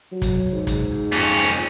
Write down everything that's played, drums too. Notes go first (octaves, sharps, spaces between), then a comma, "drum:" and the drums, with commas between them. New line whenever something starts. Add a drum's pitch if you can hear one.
F#3
drum: kick, hi-hat
G#2
drum: kick, hi-hat
F2 C#4, drum: hi-hat